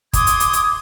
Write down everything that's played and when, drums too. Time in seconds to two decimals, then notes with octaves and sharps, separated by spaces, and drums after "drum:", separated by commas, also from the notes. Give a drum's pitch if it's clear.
0.13 C6 D6 D#6 G#6, drum: kick, hi-hat
0.27 drum: hi-hat
0.40 drum: hi-hat
0.53 drum: hi-hat